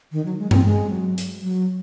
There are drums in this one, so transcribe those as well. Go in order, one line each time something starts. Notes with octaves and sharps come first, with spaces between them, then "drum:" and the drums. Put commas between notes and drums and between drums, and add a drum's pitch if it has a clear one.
D#3
F#3
G#3
C4, drum: tom G2
G#3
F#3
drum: hi-hat
F#3